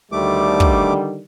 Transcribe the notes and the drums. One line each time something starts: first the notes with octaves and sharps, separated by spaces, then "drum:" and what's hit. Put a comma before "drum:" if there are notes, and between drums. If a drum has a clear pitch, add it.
D2 D3 D#3 G3 A3 D6
drum: kick